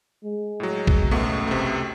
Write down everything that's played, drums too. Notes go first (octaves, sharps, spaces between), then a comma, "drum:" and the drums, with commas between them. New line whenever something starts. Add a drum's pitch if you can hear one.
G#3
A2 F#3
drum: kick
C#2 F#2 B2 A3
C3 A3